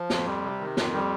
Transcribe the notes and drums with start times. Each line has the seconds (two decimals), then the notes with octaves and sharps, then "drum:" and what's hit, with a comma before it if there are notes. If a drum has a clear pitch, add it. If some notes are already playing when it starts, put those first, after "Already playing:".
Already playing: F3
0.10 F2, drum: snare
0.27 G3
0.44 C3
0.61 D#3
0.77 F2, drum: snare
0.94 G3